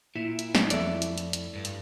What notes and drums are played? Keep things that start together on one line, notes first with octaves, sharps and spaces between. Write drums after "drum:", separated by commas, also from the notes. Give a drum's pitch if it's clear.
A#2 E4
drum: hi-hat
drum: snare
F2 A3 D5 F#5, drum: hi-hat
drum: hi-hat
drum: hi-hat
drum: hi-hat
G2
drum: hi-hat